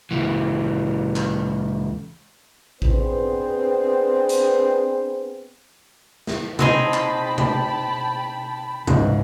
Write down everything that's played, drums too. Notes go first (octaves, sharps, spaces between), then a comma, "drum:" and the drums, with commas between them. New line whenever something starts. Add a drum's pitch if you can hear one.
C#2 E3
drum: clap
B3 C4 D4 G#4 B4 C5, drum: kick A1
drum: hi-hat
drum: snare
C4 D#4 G#4 G5 A5 B5, drum: tom B2
drum: clap
drum: tom B2
G#1 C#2 G#2 C#3 E3, drum: tom B2